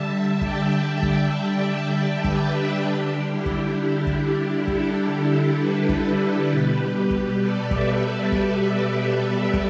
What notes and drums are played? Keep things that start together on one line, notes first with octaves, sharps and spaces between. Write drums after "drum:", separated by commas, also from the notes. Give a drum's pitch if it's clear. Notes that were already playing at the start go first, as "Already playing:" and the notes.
Already playing: D3 G3 E5 A5
E5 A5
D5 G5, drum: kick
E5 A5
E5 A5, drum: kick
D5 G5
D5 G5
G4 B4, drum: kick
D4 G4
D3 G3 D4 G4
E4
drum: kick
E4
drum: kick
D4 G4
E4 A4, drum: kick
G4 B4
drum: kick
B2 G3
drum: kick
A4 D5
B4 E5, drum: kick
A4 D5
drum: kick
A4 D5
B4 E5
drum: kick